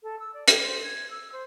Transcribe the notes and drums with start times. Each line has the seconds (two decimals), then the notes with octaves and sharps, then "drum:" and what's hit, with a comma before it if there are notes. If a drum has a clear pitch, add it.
0.03 A4
0.20 E6
0.34 D5
0.48 G5, drum: hi-hat
0.63 C5
0.83 G#6
1.10 E6
1.33 C5